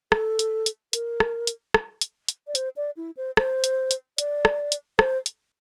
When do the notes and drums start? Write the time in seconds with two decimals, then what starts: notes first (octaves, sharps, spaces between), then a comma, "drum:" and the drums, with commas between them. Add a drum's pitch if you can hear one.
0.12 A4, drum: rim click
0.39 drum: hi-hat
0.66 drum: hi-hat
0.93 A#4, drum: hi-hat
1.20 drum: rim click
1.47 drum: hi-hat
1.74 drum: rim click
2.01 drum: hi-hat
2.28 drum: hi-hat
2.47 D5
2.55 C5, drum: hi-hat
2.76 D5
2.97 E4
3.17 C5
3.37 C5, drum: rim click
3.64 drum: hi-hat
3.91 drum: hi-hat
4.18 D5, drum: hi-hat
4.45 drum: rim click
4.72 drum: hi-hat
4.99 C5, drum: rim click
5.26 drum: hi-hat